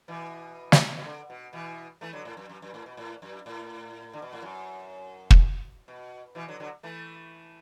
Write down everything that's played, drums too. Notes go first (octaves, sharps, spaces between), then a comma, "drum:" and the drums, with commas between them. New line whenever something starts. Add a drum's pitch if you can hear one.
B2 E3
drum: snare
B2
D3
B2
B2 E3
E3 A3
D3 F#3
A2
F#2
F#2
F#2
A2
B2
A2
F#2
A2
D3
B2
A2
F#2
drum: kick
B2
B2 E3
D3 F#3
D3 F#3
E3 A3